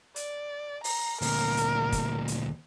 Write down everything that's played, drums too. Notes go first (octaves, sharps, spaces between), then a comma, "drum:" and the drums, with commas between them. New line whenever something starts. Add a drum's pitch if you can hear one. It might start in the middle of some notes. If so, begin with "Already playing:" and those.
D5, drum: hi-hat
A#5, drum: open hi-hat
D2 A#2 A#4, drum: open hi-hat
drum: hi-hat
drum: kick, hi-hat
drum: hi-hat